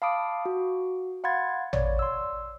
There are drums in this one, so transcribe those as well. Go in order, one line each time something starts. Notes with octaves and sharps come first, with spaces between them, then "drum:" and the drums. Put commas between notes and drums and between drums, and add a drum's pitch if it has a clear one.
F5 A5 B5 D6 D#6 D7
F#4
F5 F#5 B5 C6 G#6 A6
C#5 D5, drum: tom
C6 E6